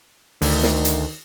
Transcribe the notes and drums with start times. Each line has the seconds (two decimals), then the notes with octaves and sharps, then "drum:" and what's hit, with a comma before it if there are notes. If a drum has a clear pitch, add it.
0.42 D2 D#3, drum: open hi-hat
0.63 drum: snare
0.85 drum: hi-hat